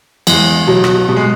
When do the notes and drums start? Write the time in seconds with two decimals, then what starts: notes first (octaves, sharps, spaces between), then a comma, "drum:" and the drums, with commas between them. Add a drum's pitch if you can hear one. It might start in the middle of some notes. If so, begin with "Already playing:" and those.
0.27 E2 G#3, drum: cymbal
0.67 B2 F#3
0.84 drum: rim click
1.08 B2 G3
1.16 G#3